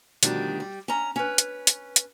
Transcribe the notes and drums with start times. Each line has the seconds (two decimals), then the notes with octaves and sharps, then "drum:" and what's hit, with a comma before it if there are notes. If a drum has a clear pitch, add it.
0.23 D2 B2 D#3 F3 G3 D4, drum: hi-hat
0.60 G3
0.88 C#4 A#5
1.16 C#4 B4
1.38 drum: hi-hat
1.67 drum: hi-hat
1.96 drum: hi-hat